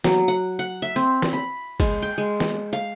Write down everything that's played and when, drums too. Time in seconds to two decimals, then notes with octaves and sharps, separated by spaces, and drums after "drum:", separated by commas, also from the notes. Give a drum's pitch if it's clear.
0.04 F#3, drum: snare
0.28 F#5
0.59 F#5
0.82 E5
0.96 C4
1.22 drum: snare
1.33 B5
1.80 G#3, drum: kick G1, cymbal
2.02 G5
2.18 G#3
2.40 drum: snare
2.73 F5